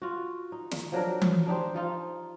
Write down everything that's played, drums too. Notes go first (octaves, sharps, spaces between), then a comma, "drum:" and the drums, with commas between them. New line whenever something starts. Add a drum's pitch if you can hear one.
F4 F#4
D#4
drum: snare
F3 F#3 D4 A#4
drum: tom E3
D4 D#4 G4 C5
F3 D#4 F4